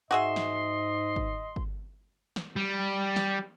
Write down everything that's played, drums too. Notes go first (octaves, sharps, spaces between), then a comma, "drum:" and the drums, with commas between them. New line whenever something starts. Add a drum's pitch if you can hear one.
G#2 F#4 G#4 D#5 E5 C6
drum: snare
drum: kick
drum: kick
drum: snare
G3
drum: snare